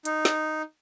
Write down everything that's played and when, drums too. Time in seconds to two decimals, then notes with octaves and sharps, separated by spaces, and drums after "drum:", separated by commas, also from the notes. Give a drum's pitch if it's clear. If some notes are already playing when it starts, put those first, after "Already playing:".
0.05 D#4, drum: hi-hat
0.25 drum: snare